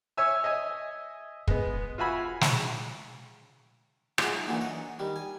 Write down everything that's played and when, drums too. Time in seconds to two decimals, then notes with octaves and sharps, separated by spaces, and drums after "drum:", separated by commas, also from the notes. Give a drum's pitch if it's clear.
0.17 C#5 E5 G#5 E6
0.44 D#5 E5 G#5
1.48 G#3 B3, drum: kick
1.98 F4 F#4 E5 G#5 B5
2.41 drum: snare
4.18 F#3 G#3 E4 F4, drum: rim click
4.33 D#4
4.47 A#2 D3 E3 F#3
4.61 D#5 F#5
4.99 D#3 G3
5.16 G#5